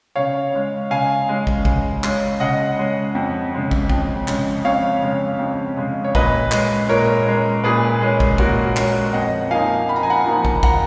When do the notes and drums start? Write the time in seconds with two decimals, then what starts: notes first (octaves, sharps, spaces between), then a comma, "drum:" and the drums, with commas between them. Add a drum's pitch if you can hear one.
0.16 C#3 C#5 F5
0.54 G#3 C#4
0.90 C#3 F5 G#5
1.29 G#3 C#4
1.47 drum: kick
1.65 C#3, drum: kick
2.04 G#3 C#4, drum: clap
2.40 C#3 D#5 F#5
2.78 G#3 C#4
3.15 F2
3.53 C#3 G#3 C#4
3.71 drum: kick
3.89 F2, drum: kick
4.28 C#3 G#3 C#4, drum: clap
4.64 F2 C#5 F5
5.02 C#3 G#3 C#4
5.39 F2
5.77 C#3 G#3 C#4
6.04 C#5
6.15 A#2 B4 D#5, drum: kick
6.52 G#3 C#4, drum: clap
6.89 A#2 A#4 C#5
7.27 G#3 C#4
7.64 A#2 G#4 B4
8.01 G#3 C#4
8.20 drum: kick
8.38 A#2 F#4 A#4, drum: kick
8.76 G#3 C#4, drum: clap
9.13 F2 D#5 F#5
9.51 F3 A#3 D#4 F5 G#5
9.88 F2 B5
9.96 A#5
10.03 G#5
10.10 F#5 A#5
10.26 F3 A#3 D#4
10.45 drum: kick
10.63 F#5 A#5, drum: kick